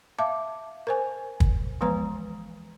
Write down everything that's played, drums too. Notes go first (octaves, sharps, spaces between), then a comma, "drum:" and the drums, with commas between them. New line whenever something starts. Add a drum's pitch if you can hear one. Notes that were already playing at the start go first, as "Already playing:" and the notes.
E5 F5 A5 D6
A#4 C5 G#5
drum: kick
E3 F3 G#3 B3 B4 A#5